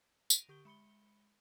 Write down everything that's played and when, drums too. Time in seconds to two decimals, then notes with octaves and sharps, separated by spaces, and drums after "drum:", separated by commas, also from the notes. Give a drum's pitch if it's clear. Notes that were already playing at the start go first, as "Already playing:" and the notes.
0.30 A#6 D7 D#7 F7, drum: tambourine
0.49 D3 G4 C#6 G6 D7 G7
0.65 G#3 B5 C#7 G7